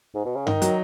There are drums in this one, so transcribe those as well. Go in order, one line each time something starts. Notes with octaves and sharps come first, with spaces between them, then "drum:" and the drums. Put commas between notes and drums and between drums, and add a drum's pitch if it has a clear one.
G#2
B2
C#3
D#3 D#4, drum: tom G2
F#3, drum: hi-hat